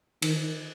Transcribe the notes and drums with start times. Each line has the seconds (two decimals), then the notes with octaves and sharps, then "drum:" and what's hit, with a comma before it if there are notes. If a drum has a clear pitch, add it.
0.22 D#3, drum: cymbal